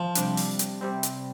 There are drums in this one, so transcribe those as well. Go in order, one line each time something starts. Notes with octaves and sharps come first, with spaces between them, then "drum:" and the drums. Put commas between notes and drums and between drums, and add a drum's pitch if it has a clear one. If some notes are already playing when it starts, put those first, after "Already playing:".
Already playing: F3
C3 G3 D4, drum: hi-hat
drum: open hi-hat
drum: hi-hat
C3 G3 C4
drum: hi-hat